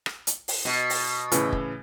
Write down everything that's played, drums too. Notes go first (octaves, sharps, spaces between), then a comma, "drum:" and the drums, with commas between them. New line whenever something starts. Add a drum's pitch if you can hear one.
drum: rim click
drum: hi-hat
drum: open hi-hat
B2
drum: open hi-hat
A2 C#3 E3, drum: hi-hat
drum: kick